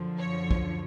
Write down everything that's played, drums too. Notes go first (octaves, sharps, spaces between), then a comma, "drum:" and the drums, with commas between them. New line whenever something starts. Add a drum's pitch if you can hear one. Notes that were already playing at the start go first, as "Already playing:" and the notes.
Already playing: F#2 D3 F3
C#5
drum: kick